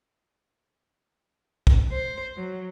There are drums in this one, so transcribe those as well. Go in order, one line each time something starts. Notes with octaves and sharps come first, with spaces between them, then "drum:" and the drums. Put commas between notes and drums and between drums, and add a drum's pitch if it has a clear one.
drum: kick
C5
F#3